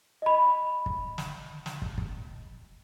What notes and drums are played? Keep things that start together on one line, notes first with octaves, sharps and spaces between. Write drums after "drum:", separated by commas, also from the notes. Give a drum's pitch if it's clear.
D#5 B5
drum: kick
drum: snare
drum: snare
drum: kick
drum: kick